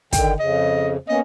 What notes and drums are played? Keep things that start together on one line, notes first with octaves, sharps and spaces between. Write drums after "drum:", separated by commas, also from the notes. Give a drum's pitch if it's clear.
D3 D#3 G5, drum: kick, hi-hat
F2 C#3 D#5
A#3 B3 C#4 D#5